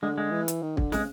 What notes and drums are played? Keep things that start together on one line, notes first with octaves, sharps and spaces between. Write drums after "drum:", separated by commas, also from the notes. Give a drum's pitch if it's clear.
D3 G#3
G#3
E3
drum: hi-hat
D#3
D3, drum: kick
C#3 G#3, drum: snare